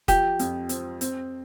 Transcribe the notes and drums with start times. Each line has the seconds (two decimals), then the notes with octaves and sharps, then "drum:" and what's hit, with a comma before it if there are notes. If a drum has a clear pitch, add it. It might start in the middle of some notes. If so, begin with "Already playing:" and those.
0.08 F3 G4, drum: kick F1, hi-hat
0.39 F2, drum: hi-hat
0.69 C4, drum: hi-hat
1.01 C4, drum: hi-hat